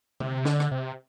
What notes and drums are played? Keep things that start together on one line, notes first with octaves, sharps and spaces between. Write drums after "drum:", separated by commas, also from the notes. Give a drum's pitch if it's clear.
C3, drum: tom D3
D3, drum: snare
drum: rim click
C3